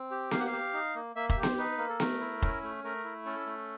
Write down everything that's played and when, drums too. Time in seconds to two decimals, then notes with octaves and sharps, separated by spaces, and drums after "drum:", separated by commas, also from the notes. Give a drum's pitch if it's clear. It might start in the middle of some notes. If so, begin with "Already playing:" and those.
Already playing: C4
0.11 G4
0.31 A#3 F5, drum: snare B3
0.40 F#5
0.47 F5
0.52 G4
0.73 D#4
0.95 A#3
1.16 A#3 E5
1.29 E5, drum: kick F1
1.37 G4
1.43 C5, drum: snare B3
1.58 D#4 B4
1.78 A#3
1.89 A4
2.00 A3 A#4, drum: snare B3
2.20 E4
2.42 C#4, drum: kick F1
2.63 A3
2.84 A3 A#4
3.04 E4
3.26 C#4 A4
3.46 A3